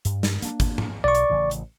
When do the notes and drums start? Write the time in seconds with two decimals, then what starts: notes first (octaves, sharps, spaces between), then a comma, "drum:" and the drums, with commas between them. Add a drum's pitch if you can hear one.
0.05 G2, drum: hi-hat
0.23 drum: snare
0.42 A#3 D4, drum: hi-hat
0.60 drum: kick, hi-hat
0.78 drum: tom G#2
1.04 B1 D5 C#6
1.15 drum: hi-hat
1.30 A1 C#3 E3
1.51 drum: hi-hat